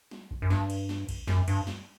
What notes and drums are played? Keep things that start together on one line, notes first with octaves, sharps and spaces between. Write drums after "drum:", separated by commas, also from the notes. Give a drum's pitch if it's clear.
drum: snare
drum: kick A1
F#2
G2, drum: snare
drum: cymbal
drum: snare
drum: kick A1, cymbal
F#2, drum: snare
G2, drum: cymbal
drum: snare